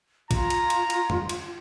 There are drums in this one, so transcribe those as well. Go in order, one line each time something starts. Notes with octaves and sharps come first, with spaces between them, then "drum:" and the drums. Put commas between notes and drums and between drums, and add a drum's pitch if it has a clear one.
F4 A#5, drum: kick A1, cymbal
drum: cymbal
drum: cymbal
drum: cymbal
drum: tom E2
drum: cymbal